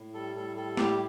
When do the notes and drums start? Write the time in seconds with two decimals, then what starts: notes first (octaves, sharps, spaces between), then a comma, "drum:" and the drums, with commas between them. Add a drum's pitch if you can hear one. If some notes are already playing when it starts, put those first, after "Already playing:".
Already playing: A2
0.14 G3 A4
0.35 A2 A4
0.57 G3 A4
0.77 A2 G4, drum: snare